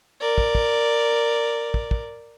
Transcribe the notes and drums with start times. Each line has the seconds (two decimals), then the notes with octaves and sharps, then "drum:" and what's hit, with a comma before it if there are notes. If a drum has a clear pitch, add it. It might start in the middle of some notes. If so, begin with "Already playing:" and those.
0.21 A#4 D5
0.38 drum: kick
0.55 drum: kick
1.74 drum: kick
1.91 drum: kick